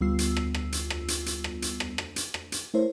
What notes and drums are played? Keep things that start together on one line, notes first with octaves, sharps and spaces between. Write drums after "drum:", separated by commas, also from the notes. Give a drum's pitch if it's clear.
D2 G3 B3 F4 E6 C7
drum: hi-hat
drum: rim click
drum: rim click
drum: hi-hat
drum: rim click
drum: hi-hat
drum: hi-hat
drum: rim click
drum: hi-hat
drum: rim click
drum: rim click
drum: hi-hat
drum: rim click
drum: hi-hat
A3 E4 A#4 C5 C#5